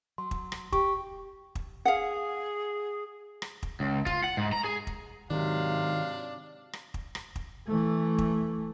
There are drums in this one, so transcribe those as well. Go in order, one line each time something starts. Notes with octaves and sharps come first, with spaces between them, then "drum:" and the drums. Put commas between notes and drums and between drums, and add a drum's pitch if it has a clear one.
F#3 C6
drum: kick
drum: rim click
G4 C#6, drum: kick
drum: kick
G#4 F5 F#5
drum: rim click
drum: kick
C#2
F4, drum: kick
F#5
G#2
A#5
G#4
drum: kick
G#2 C3 D#3 F#3 D4 F5
drum: rim click
drum: kick
drum: rim click
drum: kick
E3 A3
drum: kick